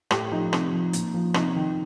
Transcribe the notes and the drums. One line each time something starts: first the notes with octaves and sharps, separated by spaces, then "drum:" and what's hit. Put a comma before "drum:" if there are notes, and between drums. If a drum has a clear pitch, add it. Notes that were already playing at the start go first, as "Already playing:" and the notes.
A2 G4, drum: rim click
F3 D#4
C3, drum: rim click
F3
A#2, drum: hi-hat
F3
C3 D#4, drum: rim click
D#3